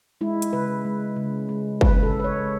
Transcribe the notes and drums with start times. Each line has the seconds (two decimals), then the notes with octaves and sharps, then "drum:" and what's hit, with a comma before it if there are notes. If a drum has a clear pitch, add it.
0.21 G#3 E4
0.42 drum: hi-hat
0.53 C#3 B4
0.85 G#3
1.16 C#3
1.49 G#3
1.81 C#3 B4, drum: kick
2.03 A4
2.13 G#3
2.20 B4
2.24 C#5